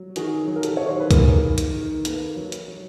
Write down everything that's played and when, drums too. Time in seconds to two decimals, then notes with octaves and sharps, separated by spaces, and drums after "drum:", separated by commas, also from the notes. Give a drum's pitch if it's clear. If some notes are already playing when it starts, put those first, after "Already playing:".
Already playing: F#3
0.16 D#3 F#4 G#4, drum: hi-hat
0.47 F#3
0.56 A#4
0.63 G4 A4, drum: hi-hat
0.77 D#3 C#5
0.89 C5
1.00 B4
1.11 A#3 G#4 A#4, drum: kick C2, hi-hat
1.42 D#3
1.58 drum: hi-hat
1.74 D#3
2.05 A#3 A4 B4, drum: hi-hat
2.36 F#3
2.52 drum: hi-hat
2.68 F#3